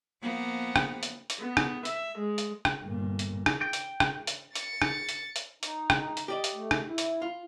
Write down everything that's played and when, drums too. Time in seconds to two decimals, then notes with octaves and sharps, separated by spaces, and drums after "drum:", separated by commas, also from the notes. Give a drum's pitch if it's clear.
0.22 F3 A#3 B3
0.76 drum: rim click
1.03 drum: hi-hat
1.30 drum: hi-hat
1.40 B3
1.57 drum: rim click
1.85 E5, drum: hi-hat
2.18 G#3
2.38 drum: hi-hat
2.65 drum: rim click
2.83 G1 A#2
3.19 drum: hi-hat
3.46 drum: rim click
3.61 G5
3.73 drum: hi-hat
4.00 drum: rim click
4.27 drum: hi-hat
4.55 A6 C#7, drum: hi-hat
4.82 drum: rim click
5.09 drum: hi-hat
5.36 drum: hi-hat
5.63 D#4, drum: hi-hat
5.90 drum: rim click
6.17 drum: hi-hat
6.28 G4 D5 D#5
6.44 drum: hi-hat
6.55 A3
6.71 drum: rim click
6.87 E4
6.98 drum: hi-hat
7.22 F4